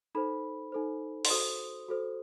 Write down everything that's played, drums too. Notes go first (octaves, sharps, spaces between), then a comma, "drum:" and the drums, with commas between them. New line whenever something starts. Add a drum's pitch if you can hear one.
D#4 A4 C5 B5
D#4 A4 C5
C6, drum: open hi-hat
F#4 A4 C5 D#6
F#4 A4 C5